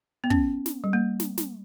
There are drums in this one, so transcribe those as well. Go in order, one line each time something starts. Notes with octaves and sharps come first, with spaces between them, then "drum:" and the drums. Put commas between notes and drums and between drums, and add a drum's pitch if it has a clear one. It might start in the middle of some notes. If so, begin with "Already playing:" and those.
B3
C#4, drum: kick
drum: snare
G3
A#3
drum: snare
drum: snare